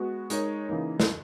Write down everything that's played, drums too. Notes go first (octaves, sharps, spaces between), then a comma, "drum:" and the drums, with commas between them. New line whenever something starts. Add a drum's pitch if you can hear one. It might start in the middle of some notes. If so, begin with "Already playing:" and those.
Already playing: G#3 B3 F#4
G#3 D#4 A#4 C#5, drum: hi-hat
C#3 E3 A#3 D#4
drum: snare